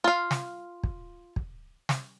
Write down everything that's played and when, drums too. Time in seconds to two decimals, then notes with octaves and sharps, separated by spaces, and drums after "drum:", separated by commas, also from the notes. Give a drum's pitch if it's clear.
0.04 F4 F5
0.31 drum: snare
0.83 drum: kick
1.36 drum: kick
1.89 drum: snare